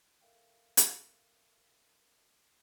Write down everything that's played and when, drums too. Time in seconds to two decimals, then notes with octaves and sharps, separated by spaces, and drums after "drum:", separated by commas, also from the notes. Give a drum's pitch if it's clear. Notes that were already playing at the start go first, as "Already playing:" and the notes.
0.21 A4 A#4 E5 F5 G5
0.77 drum: hi-hat